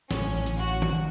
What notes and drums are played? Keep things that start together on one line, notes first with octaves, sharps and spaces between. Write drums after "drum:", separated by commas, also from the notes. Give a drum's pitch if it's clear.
A1 F#3 C#4, drum: snare
drum: hi-hat
F#4
drum: tom D#3